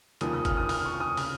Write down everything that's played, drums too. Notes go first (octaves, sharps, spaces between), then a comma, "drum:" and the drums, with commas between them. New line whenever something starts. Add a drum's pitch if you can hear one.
F1 D#2 C#3 F3 A#3 D#6, drum: hi-hat
D#6
F6, drum: kick, hi-hat
D#6
F6, drum: open hi-hat
C#6
D#6
C#3 F6, drum: open hi-hat